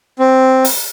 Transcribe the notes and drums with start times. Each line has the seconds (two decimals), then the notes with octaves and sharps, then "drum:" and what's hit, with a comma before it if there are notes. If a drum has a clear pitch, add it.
0.19 C4
0.64 drum: open hi-hat